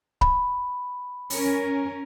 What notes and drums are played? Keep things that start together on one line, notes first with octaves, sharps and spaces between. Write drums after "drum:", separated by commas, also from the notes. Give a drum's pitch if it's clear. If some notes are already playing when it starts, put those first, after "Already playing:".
B5, drum: kick C#1
C#4 A#4, drum: open hi-hat